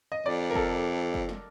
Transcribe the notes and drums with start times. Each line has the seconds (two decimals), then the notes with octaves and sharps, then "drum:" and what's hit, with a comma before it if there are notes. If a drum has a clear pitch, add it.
0.12 D#5
0.26 F2 D5
0.50 A#4
0.55 A4, drum: kick
1.14 drum: kick
1.29 drum: snare